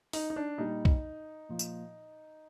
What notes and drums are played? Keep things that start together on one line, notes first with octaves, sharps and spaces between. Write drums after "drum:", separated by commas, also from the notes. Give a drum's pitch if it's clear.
D#4, drum: open hi-hat
D#4
D4
A#2 G3 D#4
drum: kick B1
A#2 F3
drum: tambourine